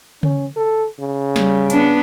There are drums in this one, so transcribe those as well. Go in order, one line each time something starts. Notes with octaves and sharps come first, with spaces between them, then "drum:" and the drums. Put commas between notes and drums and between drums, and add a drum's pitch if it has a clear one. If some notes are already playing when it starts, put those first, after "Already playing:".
C#4, drum: tom C#3
A4
C#3
G3, drum: snare
B3 D4, drum: hi-hat